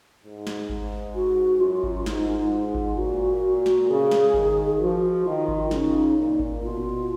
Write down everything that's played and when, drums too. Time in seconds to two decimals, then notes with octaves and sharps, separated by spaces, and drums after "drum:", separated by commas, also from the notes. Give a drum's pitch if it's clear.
0.24 G#2
0.47 drum: snare
0.70 drum: kick G#1
1.15 F#4
1.60 F#2 F4
1.84 drum: kick G#1
2.06 G#2 D#4, drum: snare
2.29 D#4
2.52 F4
2.75 drum: kick G#1
2.97 A#2 F#4
3.66 drum: snare
3.88 C#3 G#4
4.11 drum: snare
4.34 D#3, drum: kick G#1
4.80 F3 F#4
5.25 D#3 F4
5.48 drum: kick G#1
5.71 C#3 D#4, drum: snare
6.17 A#2
6.39 drum: kick G#1
6.62 B2 F4